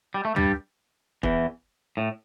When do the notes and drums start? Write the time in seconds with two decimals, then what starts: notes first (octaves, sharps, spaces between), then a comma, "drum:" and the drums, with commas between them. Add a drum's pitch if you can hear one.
0.14 G3
0.25 A3
0.36 G2 G3, drum: tom
1.23 E2 E3, drum: kick
1.97 A2